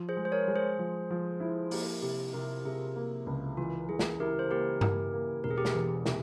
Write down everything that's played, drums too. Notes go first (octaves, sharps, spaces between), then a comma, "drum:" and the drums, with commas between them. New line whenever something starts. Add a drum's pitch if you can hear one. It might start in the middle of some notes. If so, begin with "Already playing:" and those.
Already playing: F3
G#4 C5
G#3
C5
A#4 C#5
G#3
G#4 C5
F3
F3
E4
A#3 G4 A#4, drum: open hi-hat
C3 G4
C3 G4 A#4
C3 G#4
A#4
G#4
A#3
C#2
E3 F4
E3 G#4
drum: snare
E4 G4 A#4
C5
A#3 G4 A#4
A#3, drum: tom G2
A#3
E1 A#4
G#4
G4
G#4, drum: snare
E2
C3, drum: snare